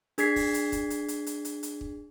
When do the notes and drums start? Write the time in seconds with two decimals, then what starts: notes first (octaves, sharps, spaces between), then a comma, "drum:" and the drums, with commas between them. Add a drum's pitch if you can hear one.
0.18 D4 G#4 G#6 B6 C7, drum: hi-hat
0.36 drum: kick, open hi-hat
0.54 drum: hi-hat
0.72 drum: kick, hi-hat
0.90 drum: hi-hat
1.08 drum: hi-hat
1.26 drum: hi-hat
1.45 drum: hi-hat
1.63 drum: hi-hat
1.81 drum: kick